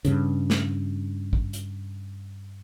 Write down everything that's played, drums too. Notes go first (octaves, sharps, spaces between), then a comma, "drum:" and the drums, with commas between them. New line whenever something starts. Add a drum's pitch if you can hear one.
G2 C#3, drum: hi-hat
drum: snare
drum: kick
drum: hi-hat